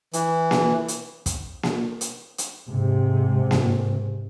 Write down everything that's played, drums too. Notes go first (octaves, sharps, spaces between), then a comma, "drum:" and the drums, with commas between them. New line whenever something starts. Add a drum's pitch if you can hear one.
E3, drum: hi-hat
drum: snare A#3
drum: hi-hat
drum: kick, hi-hat
drum: snare A#3
drum: hi-hat
drum: hi-hat
G#2 C3
drum: snare A#3